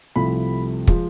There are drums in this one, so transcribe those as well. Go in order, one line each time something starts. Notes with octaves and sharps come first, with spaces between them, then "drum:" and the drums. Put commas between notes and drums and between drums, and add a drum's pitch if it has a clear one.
C2 C3 F3 A3 B5
F3 G#3, drum: kick